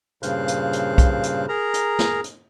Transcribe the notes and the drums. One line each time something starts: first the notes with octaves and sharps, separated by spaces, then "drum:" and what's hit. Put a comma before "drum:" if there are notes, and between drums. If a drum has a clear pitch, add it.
G2 A#2 C#3 C5 F5 F#6, drum: hi-hat
drum: hi-hat
drum: hi-hat
drum: kick B1, hi-hat
drum: hi-hat
G#4 A#4 A#5
drum: hi-hat
drum: snare
drum: hi-hat